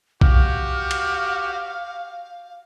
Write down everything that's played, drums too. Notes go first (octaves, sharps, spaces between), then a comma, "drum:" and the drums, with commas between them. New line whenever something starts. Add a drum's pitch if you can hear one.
F#4 G4 F5 F6, drum: kick B1
drum: cymbal